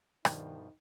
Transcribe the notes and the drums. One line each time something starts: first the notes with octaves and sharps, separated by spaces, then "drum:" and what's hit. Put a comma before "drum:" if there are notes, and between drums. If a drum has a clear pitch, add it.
C2 G2 B2 D#3 F3 D#4, drum: rim click